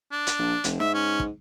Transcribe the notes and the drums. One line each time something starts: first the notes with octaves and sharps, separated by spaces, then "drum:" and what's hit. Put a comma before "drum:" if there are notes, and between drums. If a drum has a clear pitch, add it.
D4
drum: hi-hat
A#1
F1, drum: hi-hat
G#2 E5, drum: snare
C#4
drum: kick